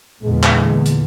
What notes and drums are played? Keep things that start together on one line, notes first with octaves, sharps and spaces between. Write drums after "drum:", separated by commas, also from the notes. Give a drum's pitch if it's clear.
E2 A#2 D3 G#3
drum: clap
drum: hi-hat